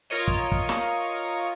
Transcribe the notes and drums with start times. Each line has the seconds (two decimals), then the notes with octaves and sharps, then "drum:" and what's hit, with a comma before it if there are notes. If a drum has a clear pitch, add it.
0.10 F4 A#4 C#5 D#5
0.28 drum: kick
0.52 drum: kick
0.69 drum: snare